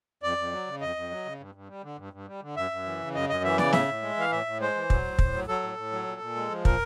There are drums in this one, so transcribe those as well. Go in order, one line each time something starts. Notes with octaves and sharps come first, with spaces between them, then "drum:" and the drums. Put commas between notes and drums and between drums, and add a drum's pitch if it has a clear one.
F2 D5
F2
F#3
C#3
F2 D#5
F2
F#3
C#3
G2
G2
G3
D3
G2
G2
G3
D3
F#2 E5
F#2
E3
C#3
F#2 D#5
F#2 D#5
E3 E5
C#3 D5, drum: snare
A2 E5, drum: snare
A2
G#3
E3 F5
A2 E5
A2
G#3 C5
E3
F#3, drum: kick
A2
A2, drum: kick
F#3
F#3 A4
A2
A2
F#3
A#2
A#2
G#3
F3
A#2 A#4, drum: kick